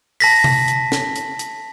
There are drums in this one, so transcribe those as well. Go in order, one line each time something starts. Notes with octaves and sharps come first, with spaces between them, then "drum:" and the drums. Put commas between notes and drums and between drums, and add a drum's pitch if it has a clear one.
A5 A#6 B6, drum: open hi-hat
drum: tom C3
drum: hi-hat
drum: snare
drum: hi-hat
drum: hi-hat